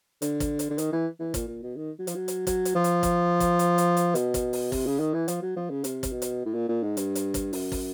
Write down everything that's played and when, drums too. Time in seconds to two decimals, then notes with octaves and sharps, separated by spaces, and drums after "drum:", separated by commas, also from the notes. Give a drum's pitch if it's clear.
0.22 D3, drum: hi-hat
0.40 drum: kick, hi-hat
0.59 drum: hi-hat
0.70 D3
0.78 D#3, drum: hi-hat
0.92 E3
1.20 E3
1.34 A#2, drum: kick, hi-hat
1.48 A#2
1.62 B2
1.76 D#3
1.99 F#3
2.07 F3, drum: hi-hat
2.15 F#3
2.28 drum: hi-hat
2.47 F#3, drum: kick, hi-hat
2.65 drum: hi-hat
2.75 F3
2.84 drum: hi-hat
3.03 drum: kick, hi-hat
3.40 drum: kick, hi-hat
3.59 drum: hi-hat
3.78 drum: hi-hat
3.97 drum: hi-hat
4.15 B2, drum: hi-hat
4.34 drum: kick, hi-hat
4.53 drum: open hi-hat
4.72 C3, drum: kick, open hi-hat
4.86 C#3
4.99 D#3
5.13 E3
5.28 F3, drum: hi-hat
5.42 F#3
5.56 F3
5.70 C#3
5.84 C3, drum: hi-hat
6.03 drum: kick, hi-hat
6.12 B2
6.22 drum: hi-hat
6.45 A2
6.54 A#2
6.69 A#2
6.83 G#2
6.97 G2, drum: hi-hat
7.15 drum: hi-hat
7.34 drum: kick, hi-hat
7.53 F#2, drum: open hi-hat
7.72 drum: kick, open hi-hat